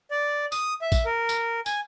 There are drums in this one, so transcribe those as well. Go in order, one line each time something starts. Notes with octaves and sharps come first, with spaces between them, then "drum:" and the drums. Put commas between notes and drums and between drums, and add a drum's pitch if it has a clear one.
D5
D#6, drum: tambourine
E5
drum: kick, tambourine
A#4
drum: tambourine
G#5, drum: tambourine